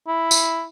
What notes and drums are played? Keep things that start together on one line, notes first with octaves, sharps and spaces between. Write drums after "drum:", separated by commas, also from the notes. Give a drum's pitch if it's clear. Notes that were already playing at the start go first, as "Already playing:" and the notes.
E4
drum: tambourine